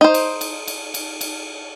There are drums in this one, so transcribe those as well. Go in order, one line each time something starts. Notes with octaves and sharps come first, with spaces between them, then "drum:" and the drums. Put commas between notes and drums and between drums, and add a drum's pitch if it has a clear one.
D#4 C5
drum: cymbal
drum: cymbal
drum: cymbal
drum: cymbal
drum: cymbal